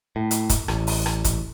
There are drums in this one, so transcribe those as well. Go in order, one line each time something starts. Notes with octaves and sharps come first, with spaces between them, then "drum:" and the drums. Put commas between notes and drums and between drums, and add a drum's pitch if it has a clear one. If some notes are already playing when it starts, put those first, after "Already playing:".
A2
drum: hi-hat
drum: kick, hi-hat
A1, drum: rim click
drum: open hi-hat
drum: rim click
drum: kick, hi-hat